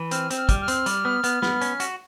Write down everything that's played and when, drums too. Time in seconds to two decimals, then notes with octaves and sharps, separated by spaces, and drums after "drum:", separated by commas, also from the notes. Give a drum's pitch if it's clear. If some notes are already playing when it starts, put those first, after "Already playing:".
Already playing: E3
0.11 C4 F6, drum: hi-hat
0.30 C4, drum: hi-hat
0.37 F6
0.49 G3, drum: kick, hi-hat
0.61 F6
0.68 C4, drum: hi-hat
0.86 G3, drum: hi-hat
1.05 B3
1.24 B3, drum: hi-hat
1.42 B3, drum: snare
1.61 C#4, drum: hi-hat
1.80 F#4, drum: hi-hat